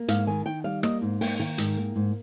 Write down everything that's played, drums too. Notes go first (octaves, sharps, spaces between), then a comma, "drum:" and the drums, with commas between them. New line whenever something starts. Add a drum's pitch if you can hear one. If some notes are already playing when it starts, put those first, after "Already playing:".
Already playing: A#3
G#2 F5, drum: hi-hat
D#3 G#5
D#3 G5
G3 F5
A#3 D#5, drum: rim click
G#2
A#3 G5, drum: open hi-hat
D#3 G5
G#2, drum: hi-hat
A#3
G#2